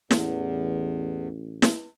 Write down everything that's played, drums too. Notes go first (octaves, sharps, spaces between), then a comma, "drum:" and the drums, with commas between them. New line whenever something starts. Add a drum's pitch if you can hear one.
A1 E2, drum: snare
drum: snare